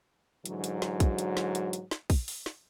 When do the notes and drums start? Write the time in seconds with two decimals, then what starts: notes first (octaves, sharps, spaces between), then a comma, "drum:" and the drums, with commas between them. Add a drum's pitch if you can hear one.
0.46 G#2 D3 E3 F#3, drum: hi-hat
0.64 drum: hi-hat
0.82 drum: snare
1.00 drum: kick, hi-hat
1.18 drum: hi-hat
1.37 drum: snare
1.55 drum: hi-hat
1.73 drum: hi-hat
1.91 drum: snare
2.10 drum: kick, open hi-hat
2.28 drum: open hi-hat
2.46 drum: snare